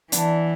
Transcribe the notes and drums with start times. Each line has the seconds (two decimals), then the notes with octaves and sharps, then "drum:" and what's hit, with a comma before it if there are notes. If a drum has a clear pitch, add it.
0.12 E3 B3 D4, drum: hi-hat